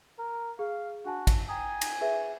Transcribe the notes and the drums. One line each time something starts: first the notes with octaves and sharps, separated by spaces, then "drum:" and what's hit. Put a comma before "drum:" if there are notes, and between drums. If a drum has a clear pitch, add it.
A#4
G#4 F5
D4 F#4 G#5 A5
drum: kick, cymbal
G5 G#5 A#5 D#6
drum: cymbal
G#4 B4 E5